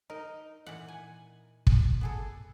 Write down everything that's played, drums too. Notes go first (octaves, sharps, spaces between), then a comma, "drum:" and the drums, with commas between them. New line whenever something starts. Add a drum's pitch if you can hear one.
D#4 A#4
A#2 E3 F#5
G#5
drum: kick
B3 G#4 A4